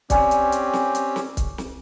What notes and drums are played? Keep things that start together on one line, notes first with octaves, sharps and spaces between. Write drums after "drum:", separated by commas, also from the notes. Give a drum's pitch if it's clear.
C4 C#4 G4 D5 G#5, drum: kick, hi-hat
drum: hi-hat
drum: hi-hat
drum: snare
drum: hi-hat
drum: snare
drum: kick, hi-hat
drum: snare